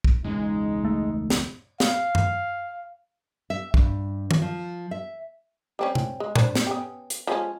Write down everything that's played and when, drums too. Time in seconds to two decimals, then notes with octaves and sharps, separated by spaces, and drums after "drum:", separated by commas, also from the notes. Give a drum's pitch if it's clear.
0.04 drum: kick
0.24 E1 C#2 G#3 C#4 D#4
0.85 A3
1.30 drum: snare
1.80 F5, drum: snare
2.15 drum: tom F#2
3.50 E5
3.74 G2, drum: kick
4.31 drum: tom D#3
4.42 F3
4.91 E5
5.79 G3 C4 C#4
5.95 drum: tom C3
6.20 G#3
6.36 D4 C5, drum: tom A2
6.55 drum: snare
6.67 B3 C#4 G4
7.10 drum: hi-hat
7.27 F3 G#3 C#4